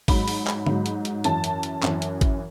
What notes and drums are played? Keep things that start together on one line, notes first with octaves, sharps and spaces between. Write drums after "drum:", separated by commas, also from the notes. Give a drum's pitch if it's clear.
G#2 F#3 B5, drum: kick G#1, open hi-hat
drum: open hi-hat
drum: clap
G#2 F#3, drum: tom
drum: hi-hat
drum: hi-hat
F#2 E3 A5, drum: hi-hat
drum: hi-hat
drum: hi-hat
F#2 E3, drum: clap
drum: hi-hat
drum: kick G#1, hi-hat